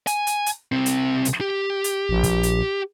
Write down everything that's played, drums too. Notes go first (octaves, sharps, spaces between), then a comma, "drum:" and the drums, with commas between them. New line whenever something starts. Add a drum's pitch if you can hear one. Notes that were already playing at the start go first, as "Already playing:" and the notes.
G#5, drum: hi-hat
drum: hi-hat
drum: hi-hat
C2 C4
drum: hi-hat
drum: hi-hat
G4
drum: hi-hat
A#1
drum: kick, hi-hat
drum: hi-hat